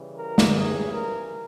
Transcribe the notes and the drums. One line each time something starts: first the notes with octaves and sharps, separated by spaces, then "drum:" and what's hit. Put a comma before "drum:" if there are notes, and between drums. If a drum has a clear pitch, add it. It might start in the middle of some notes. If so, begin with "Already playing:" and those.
Already playing: C#3 E3 G3
A#4
drum: snare
G#4
A#4